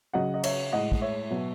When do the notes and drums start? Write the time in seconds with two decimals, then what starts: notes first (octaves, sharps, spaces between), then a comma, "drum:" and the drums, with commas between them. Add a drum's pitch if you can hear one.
0.13 C#3 F#3 D#5 F#5
0.34 D#5
0.44 C#5 E5, drum: cymbal
0.73 A2 G#3 D#5 F#5
0.92 drum: kick
1.01 C#5 E5
1.30 B2 F#3